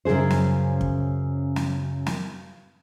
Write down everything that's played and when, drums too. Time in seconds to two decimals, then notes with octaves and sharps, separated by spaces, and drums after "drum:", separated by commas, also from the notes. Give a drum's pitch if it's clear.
0.05 F#2 C#3 F3 G#4 C5
0.30 drum: snare
0.81 drum: kick
1.56 drum: snare
2.06 drum: snare